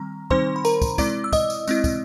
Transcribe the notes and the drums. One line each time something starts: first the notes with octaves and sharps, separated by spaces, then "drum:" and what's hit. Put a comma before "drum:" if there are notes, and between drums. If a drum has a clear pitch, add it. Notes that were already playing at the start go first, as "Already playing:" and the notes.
Already playing: D#3 G3 C4 A#5
D#3 G3 C4 D#4 C5 C6, drum: kick
B5
A#4 A#5, drum: tambourine
drum: kick, tambourine
G#3 C4 E4 D5 D6, drum: kick, tambourine
E6
D#5 D#6, drum: kick, tambourine
drum: tambourine
G#3 C4 E4, drum: tambourine
drum: kick, tambourine